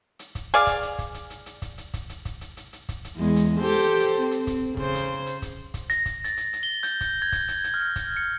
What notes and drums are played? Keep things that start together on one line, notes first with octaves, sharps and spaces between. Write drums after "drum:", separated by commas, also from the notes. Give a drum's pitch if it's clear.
drum: hi-hat
drum: kick, hi-hat
G#4 D5 F5, drum: hi-hat
drum: kick, hi-hat
drum: hi-hat
drum: kick, hi-hat
drum: hi-hat
drum: hi-hat
drum: hi-hat
drum: kick, hi-hat
drum: hi-hat
drum: kick, hi-hat
drum: hi-hat
drum: kick, hi-hat
drum: hi-hat
drum: hi-hat
drum: hi-hat
drum: kick, hi-hat
drum: hi-hat
E2 G#3
drum: hi-hat
G4 A4 C5
drum: hi-hat
C4
drum: hi-hat
drum: kick, hi-hat
C#3 C5, drum: kick
drum: hi-hat
drum: hi-hat
drum: kick, hi-hat
drum: kick, hi-hat
A#6, drum: hi-hat
drum: kick, hi-hat
A6, drum: hi-hat
drum: hi-hat
drum: hi-hat
G7
G6, drum: hi-hat
drum: kick, hi-hat
G#6
drum: kick, hi-hat
drum: hi-hat
drum: hi-hat
F6
drum: kick, hi-hat
C#7